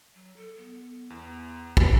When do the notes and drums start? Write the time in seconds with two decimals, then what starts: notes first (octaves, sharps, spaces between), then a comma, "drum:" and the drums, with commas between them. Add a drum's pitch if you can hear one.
0.15 F#3
0.36 A4
0.57 B3
1.10 E2
1.77 drum: kick